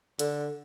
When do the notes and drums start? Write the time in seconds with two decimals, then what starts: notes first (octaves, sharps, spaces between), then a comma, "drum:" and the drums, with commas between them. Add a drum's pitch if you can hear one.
0.19 D3, drum: hi-hat